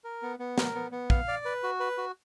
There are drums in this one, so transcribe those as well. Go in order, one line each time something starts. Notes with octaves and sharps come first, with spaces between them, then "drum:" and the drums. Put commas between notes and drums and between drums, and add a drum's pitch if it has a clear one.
A#4
B3
B3
A#4, drum: snare
B3
B3
F5, drum: kick
D5
B4
F#4
B4
F#4